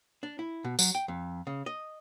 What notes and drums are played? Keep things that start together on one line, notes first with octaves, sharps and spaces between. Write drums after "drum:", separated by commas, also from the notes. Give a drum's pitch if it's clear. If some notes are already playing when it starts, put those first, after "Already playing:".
D4
E4
B2
F#3, drum: tambourine
G5
F2
C#3
D#5